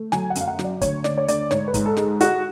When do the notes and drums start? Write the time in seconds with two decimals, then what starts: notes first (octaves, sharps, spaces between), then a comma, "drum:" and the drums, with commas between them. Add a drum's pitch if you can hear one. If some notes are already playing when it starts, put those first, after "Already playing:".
Already playing: A3
0.12 F#3 G#5, drum: snare
0.30 F#5
0.35 F#2, drum: hi-hat
0.41 F5
0.48 F#5
0.59 F#3, drum: snare
0.64 D5
0.81 D2 C#5, drum: kick, hi-hat
1.04 D2 D5, drum: snare
1.18 C#5
1.28 D2 D5, drum: hi-hat
1.51 G#2 C#5, drum: snare
1.68 B4
1.74 G#2, drum: kick, hi-hat
1.86 A4
1.97 G#3, drum: snare
2.20 G#3 F#4, drum: hi-hat